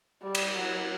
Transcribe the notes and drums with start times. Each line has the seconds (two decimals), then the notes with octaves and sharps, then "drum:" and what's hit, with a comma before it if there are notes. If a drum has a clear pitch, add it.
0.22 G3
0.35 drum: cymbal
0.55 F#3